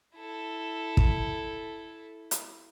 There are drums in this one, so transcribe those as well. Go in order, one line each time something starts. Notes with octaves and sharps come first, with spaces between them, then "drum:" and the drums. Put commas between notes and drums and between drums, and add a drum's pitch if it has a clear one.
E4 A4
drum: kick
drum: hi-hat